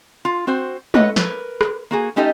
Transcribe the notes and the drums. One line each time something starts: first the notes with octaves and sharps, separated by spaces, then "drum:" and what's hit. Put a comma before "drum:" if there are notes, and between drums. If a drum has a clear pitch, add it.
F4
C4 F#4 C5
A4 B4 C#5 D#5 F#5, drum: tom G#3
A#4 B4, drum: snare
drum: rim click
A#3 F#4 G#4
A3 C#4 D#4 G4 A4 D#5